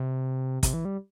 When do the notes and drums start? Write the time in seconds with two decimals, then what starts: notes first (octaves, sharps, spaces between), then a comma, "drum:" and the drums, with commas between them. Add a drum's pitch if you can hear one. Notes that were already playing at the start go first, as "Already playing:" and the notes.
Already playing: C3
0.63 C3, drum: kick, hi-hat
0.74 E3
0.85 G3